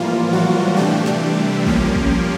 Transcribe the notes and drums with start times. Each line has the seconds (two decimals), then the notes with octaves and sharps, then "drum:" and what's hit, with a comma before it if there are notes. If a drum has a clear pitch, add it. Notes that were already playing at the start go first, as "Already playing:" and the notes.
Already playing: A2 E3 F3 G3 A#3 F4
0.33 F#3 F#4
0.76 C3 E3 G3 A3 D4 G4
1.06 drum: snare
1.66 F3 A#3 C#4, drum: kick
1.95 drum: kick